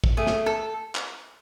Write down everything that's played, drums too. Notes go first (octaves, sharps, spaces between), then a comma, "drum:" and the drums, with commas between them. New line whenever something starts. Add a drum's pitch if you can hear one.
drum: kick
A3 G#4
drum: snare
A4
drum: clap